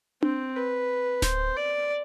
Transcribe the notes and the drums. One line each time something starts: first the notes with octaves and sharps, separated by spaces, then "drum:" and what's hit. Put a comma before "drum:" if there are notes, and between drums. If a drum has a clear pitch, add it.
C4, drum: tom D4
B4
C5, drum: snare D1
D5